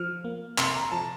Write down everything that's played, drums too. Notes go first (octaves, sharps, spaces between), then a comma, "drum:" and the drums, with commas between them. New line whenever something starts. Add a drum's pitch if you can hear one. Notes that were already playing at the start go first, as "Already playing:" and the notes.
Already playing: F3 F6
A#3
C3 C6, drum: clap
A#5
F3 A5